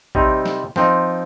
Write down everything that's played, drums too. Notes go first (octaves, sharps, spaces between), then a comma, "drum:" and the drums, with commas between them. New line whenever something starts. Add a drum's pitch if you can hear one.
C3 G3 C4 D#4, drum: kick A1
drum: snare
F3 C4 D#4, drum: snare